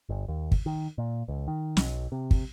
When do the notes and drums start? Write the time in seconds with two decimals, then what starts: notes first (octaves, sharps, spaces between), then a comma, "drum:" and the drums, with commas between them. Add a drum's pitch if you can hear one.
0.09 G1
0.28 D#2
0.52 drum: kick
0.66 D#3
0.98 A#2
1.28 C#2
1.48 D#3
1.77 B1, drum: snare
2.12 C3
2.31 drum: kick